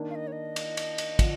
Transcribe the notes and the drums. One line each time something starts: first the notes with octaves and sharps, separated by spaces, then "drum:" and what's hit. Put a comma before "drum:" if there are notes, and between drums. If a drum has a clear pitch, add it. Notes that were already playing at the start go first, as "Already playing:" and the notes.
Already playing: D#3 A#3 D4
F5
D#5
C#5
D#5
drum: cymbal
drum: cymbal
drum: cymbal
D3 F3, drum: kick, cymbal